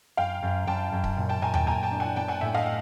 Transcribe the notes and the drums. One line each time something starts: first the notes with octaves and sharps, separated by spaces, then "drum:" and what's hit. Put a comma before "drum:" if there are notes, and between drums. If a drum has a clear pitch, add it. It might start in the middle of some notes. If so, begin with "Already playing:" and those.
F#2 F5 G5
F#2
F#2 G5 A5
F#2
drum: kick
A#2
G5 A5
A#2 G#5 A#5
G5 A5, drum: tom D#2
A#3 G#5 A#5
G5 A5
D4
F#5 G#5
B3 G5 A5
F#5 G#5
A2 E5 F#5
D#5 F5
F#5